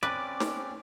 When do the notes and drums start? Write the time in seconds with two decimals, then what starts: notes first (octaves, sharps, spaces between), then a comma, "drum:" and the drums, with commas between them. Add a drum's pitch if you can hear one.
0.03 C4 C#4 B4 D5 D6
0.40 drum: snare